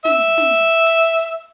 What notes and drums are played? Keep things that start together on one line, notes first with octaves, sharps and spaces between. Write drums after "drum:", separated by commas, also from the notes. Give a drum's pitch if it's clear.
E5, drum: snare
drum: hi-hat
drum: snare
drum: hi-hat
drum: hi-hat
drum: open hi-hat
drum: hi-hat
drum: hi-hat